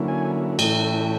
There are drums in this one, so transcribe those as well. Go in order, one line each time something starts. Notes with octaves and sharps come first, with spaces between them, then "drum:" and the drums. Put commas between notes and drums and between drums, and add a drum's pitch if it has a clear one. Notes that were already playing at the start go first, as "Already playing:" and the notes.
Already playing: D3 F#3 A#3 C#4 E4
G#5
A2 E3 A3 C#4 E4 G5, drum: cymbal